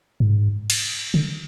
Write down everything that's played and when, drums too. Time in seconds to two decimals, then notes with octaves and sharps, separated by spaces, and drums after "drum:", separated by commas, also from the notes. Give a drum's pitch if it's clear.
0.20 G#2
0.70 drum: cymbal
1.14 D3